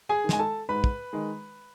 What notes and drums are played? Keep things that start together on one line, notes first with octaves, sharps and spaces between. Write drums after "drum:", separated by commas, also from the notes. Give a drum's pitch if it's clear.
G#4 G#5
D#3
G#3 G#5, drum: snare
A4 A5
G#2 B4 B5
drum: kick
D#3 G#3